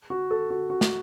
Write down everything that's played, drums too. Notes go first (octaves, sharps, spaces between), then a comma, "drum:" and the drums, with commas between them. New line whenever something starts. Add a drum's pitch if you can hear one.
F#4
A4
F#4
F#4
drum: snare